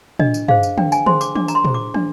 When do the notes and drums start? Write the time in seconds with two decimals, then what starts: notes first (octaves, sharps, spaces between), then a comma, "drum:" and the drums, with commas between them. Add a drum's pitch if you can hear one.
0.19 D4 D#5, drum: tom
0.34 drum: tambourine
0.48 G#4 C5 F5, drum: tom
0.63 drum: tambourine
0.78 D4 G5, drum: tom
0.92 G#5, drum: tambourine
1.06 G#4 C5 C6, drum: tom
1.21 D6, drum: tambourine
1.35 D4 D6, drum: tom
1.48 A#5, drum: tambourine
1.55 C6
1.64 G#4 C5, drum: tom
1.74 D6
1.94 D4, drum: tom